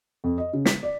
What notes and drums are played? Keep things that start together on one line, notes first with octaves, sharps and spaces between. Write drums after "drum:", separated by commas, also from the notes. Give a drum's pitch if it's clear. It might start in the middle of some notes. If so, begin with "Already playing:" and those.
F2
D#5
C#3
B6, drum: snare
D5